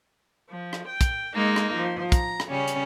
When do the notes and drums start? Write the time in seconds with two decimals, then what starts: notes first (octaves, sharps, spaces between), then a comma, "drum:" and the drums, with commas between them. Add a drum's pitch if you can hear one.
0.49 F3
0.73 drum: rim click
0.87 G5
1.01 drum: kick, hi-hat
1.35 G#3 A#3 D#4
1.56 drum: rim click
1.75 F3
2.12 A#5, drum: kick, hi-hat
2.40 drum: rim click
2.51 C#3 G3 C#4
2.68 drum: hi-hat